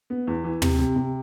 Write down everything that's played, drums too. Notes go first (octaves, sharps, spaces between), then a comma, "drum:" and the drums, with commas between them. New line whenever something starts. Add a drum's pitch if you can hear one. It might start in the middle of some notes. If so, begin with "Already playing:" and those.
B3
E2
E3
C3, drum: tom
C3
C3